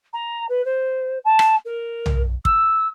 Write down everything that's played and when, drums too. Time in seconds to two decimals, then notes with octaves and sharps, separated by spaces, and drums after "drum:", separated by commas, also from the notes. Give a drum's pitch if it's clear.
0.13 A#5
0.49 B4
0.65 C5
1.25 A5
1.39 drum: rim click
1.65 A#4
2.06 drum: tom B1
2.45 E6, drum: kick